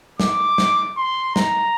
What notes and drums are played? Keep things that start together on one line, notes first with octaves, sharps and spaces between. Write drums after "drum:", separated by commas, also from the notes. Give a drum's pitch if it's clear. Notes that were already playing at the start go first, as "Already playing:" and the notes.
D6, drum: snare
drum: snare
C6
A#5, drum: snare